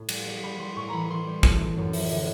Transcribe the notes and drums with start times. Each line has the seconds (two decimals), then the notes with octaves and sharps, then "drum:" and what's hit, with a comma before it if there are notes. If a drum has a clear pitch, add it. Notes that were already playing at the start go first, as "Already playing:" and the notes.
Already playing: A2
0.09 G3, drum: cymbal
0.27 G3
0.43 G3 B5
0.59 G3 C6
0.76 A2 C#6
0.88 E3 A#5 B5
1.10 E3 C6
1.27 G3
1.43 A2, drum: kick
1.60 A2
1.77 F#2
1.93 F3, drum: open hi-hat
2.11 D3